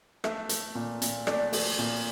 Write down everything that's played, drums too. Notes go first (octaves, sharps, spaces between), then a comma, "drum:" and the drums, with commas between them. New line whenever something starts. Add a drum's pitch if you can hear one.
A3 E5, drum: rim click
A3, drum: hi-hat
A#2
A#2, drum: hi-hat
A3 D5, drum: rim click
A3, drum: open hi-hat
A#2